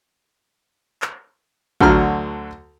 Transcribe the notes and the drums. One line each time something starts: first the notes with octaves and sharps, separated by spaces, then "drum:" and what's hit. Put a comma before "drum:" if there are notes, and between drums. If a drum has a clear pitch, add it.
drum: clap
D2 D3 F#3 A#5 F6, drum: kick A1